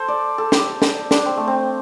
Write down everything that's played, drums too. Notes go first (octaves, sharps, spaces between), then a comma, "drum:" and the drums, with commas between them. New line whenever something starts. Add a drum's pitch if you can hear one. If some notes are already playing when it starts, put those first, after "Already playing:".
Already playing: A4 C5
D5
A4
G4, drum: snare
drum: snare
D4, drum: snare
C4
A3
C4